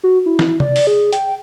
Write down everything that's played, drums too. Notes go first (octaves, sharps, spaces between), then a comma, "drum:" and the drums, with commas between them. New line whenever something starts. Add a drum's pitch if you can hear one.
F#4
E4
drum: snare
D5, drum: tom C3
drum: open hi-hat
G#4
G5, drum: hi-hat